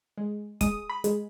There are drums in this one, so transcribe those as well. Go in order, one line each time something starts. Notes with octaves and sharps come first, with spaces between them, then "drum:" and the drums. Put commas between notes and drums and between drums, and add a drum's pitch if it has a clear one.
G#3
G#3 D#6, drum: kick, hi-hat
B5
G#3, drum: hi-hat